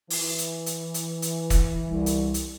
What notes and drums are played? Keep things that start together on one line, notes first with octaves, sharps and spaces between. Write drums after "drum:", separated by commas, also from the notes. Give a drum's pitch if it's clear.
E3, drum: open hi-hat
drum: hi-hat
drum: hi-hat
drum: hi-hat
drum: hi-hat
drum: kick, hi-hat
C2
drum: hi-hat
drum: hi-hat